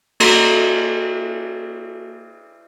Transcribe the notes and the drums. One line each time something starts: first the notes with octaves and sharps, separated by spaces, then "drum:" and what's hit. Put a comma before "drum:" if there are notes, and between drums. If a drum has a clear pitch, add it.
A#3 F#4 A4 A#5 C6, drum: cymbal